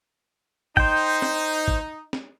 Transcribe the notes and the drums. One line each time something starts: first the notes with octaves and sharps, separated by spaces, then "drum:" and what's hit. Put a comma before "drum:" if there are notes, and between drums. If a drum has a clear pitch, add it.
D#4 C5 G5, drum: kick
drum: snare
drum: kick
drum: snare